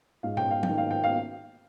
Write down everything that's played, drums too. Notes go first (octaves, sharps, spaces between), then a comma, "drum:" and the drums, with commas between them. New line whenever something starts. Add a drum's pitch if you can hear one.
G#2 F5
G5, drum: tom A#2
F5
G5, drum: tom F3
D#3
F5
G5
F5